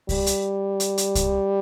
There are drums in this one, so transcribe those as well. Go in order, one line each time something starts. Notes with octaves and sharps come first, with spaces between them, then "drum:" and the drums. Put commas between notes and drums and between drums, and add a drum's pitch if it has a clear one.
G3, drum: kick C2, open hi-hat
drum: hi-hat
drum: hi-hat
drum: hi-hat
drum: kick C2, hi-hat